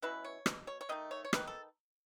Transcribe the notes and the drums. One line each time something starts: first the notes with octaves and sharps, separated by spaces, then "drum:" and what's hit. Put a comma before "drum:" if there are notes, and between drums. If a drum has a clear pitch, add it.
B2 F#3 C#4 E4 B4
C#5
B2 F#3, drum: rim click
C#5
C#5
D#3 A3 D#4 D#5
C#5
C#5
D#3 A3 D#4 B4, drum: rim click
A4